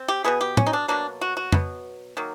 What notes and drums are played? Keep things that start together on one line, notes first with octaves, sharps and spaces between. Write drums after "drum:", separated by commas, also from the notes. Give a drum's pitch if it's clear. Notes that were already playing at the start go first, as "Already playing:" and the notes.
Already playing: C4
G4
B2 F#3 B3 G#4
G4
C#4, drum: tom
D#4
D4
B2 F#3 A#3 D4
F#4
F#4
B2 F#3 B3, drum: tom F2
D#3 F#3 A#3